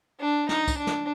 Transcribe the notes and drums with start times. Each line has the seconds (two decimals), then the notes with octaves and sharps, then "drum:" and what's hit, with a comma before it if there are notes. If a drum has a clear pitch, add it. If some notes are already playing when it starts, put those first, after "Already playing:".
0.20 D4
0.49 D#4, drum: snare
0.68 drum: kick, tambourine
0.77 D4
0.87 drum: snare